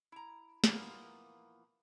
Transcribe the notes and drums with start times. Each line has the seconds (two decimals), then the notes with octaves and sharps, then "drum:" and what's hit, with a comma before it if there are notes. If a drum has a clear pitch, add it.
0.12 E4 A#5
0.64 A#2 E3 F3 A#3 B3, drum: snare